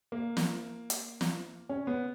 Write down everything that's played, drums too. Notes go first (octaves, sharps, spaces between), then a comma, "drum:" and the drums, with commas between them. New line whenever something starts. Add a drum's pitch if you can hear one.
A#3
drum: snare
drum: hi-hat
drum: snare
C#4
B3